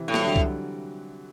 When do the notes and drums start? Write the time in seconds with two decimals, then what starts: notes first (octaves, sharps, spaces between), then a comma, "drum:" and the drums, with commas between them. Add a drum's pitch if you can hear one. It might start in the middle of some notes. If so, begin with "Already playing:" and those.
Already playing: C3 E3
0.08 A2
0.14 G3, drum: snare
0.24 D3 F#3
0.36 drum: kick